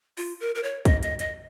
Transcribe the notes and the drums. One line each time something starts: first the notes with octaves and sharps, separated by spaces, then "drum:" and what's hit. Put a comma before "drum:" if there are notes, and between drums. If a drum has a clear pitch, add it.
F4, drum: open hi-hat
A#4
A#4
C#5
D#5, drum: kick, hi-hat
D#5, drum: hi-hat
D#5, drum: hi-hat